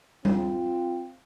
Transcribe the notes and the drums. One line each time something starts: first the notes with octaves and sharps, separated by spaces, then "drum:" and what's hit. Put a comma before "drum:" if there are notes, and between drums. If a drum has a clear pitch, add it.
C4 F4, drum: tom G3